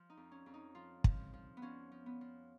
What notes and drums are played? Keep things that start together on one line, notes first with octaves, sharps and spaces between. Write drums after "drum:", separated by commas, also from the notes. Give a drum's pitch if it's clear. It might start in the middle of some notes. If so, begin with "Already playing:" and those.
Already playing: F3
D#4
F2
C#4
F2
D#4
F3 F4
F3, drum: kick
F3
B3
F3 C#4
F3
B3
F3